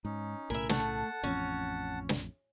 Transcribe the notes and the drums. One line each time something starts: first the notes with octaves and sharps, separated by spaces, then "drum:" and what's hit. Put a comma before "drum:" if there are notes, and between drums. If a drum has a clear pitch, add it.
G#2 C#4 D#4
B1 A2 C#3 A#4 E5 G#5 B5
A3 F#5 A5, drum: snare
A1 F2 C#4
drum: snare